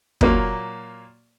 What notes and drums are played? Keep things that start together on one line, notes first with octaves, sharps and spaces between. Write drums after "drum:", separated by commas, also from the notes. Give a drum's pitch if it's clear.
A#2 F#3 A#3, drum: kick